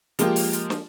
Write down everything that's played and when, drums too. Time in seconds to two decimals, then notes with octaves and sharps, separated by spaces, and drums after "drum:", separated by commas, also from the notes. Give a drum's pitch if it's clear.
0.19 F3 G#3 A#3 F4 G4, drum: hi-hat
0.36 drum: open hi-hat
0.53 drum: hi-hat
0.70 drum: snare